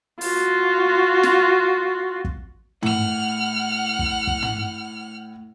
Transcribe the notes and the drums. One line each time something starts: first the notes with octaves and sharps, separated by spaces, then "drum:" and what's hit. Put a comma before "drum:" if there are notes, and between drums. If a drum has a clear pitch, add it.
F4 F#4, drum: open hi-hat
drum: snare
drum: kick
A2 F#5 F6, drum: tom
drum: kick
drum: kick
drum: tom